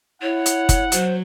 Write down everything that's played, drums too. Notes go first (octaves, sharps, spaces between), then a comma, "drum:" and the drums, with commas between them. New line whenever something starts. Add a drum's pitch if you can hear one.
E4 C#5 F#5
drum: hi-hat
drum: kick F#1, hi-hat
F#3 C5, drum: hi-hat